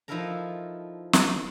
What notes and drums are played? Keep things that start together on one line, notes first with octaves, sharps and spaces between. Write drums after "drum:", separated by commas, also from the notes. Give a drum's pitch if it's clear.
F3 D#4 E4 A4 A#4 A#5
drum: snare